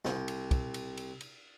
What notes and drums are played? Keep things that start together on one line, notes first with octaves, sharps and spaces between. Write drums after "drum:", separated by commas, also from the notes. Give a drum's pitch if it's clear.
C2, drum: snare
drum: cymbal
drum: kick, cymbal
drum: cymbal
drum: cymbal
drum: cymbal